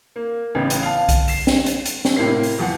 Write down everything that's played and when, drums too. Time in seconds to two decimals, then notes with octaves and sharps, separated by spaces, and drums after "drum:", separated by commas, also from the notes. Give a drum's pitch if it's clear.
0.16 A#3
0.55 A1 C#3 B3
0.70 drum: hi-hat
0.83 F5 A5
1.09 drum: kick B1, hi-hat
1.28 C7 E7, drum: open hi-hat
1.47 drum: snare
1.66 drum: hi-hat
1.86 drum: hi-hat
2.05 drum: snare
2.16 A2 C3 A#3 C7
2.43 drum: open hi-hat
2.59 E2 F3 F#5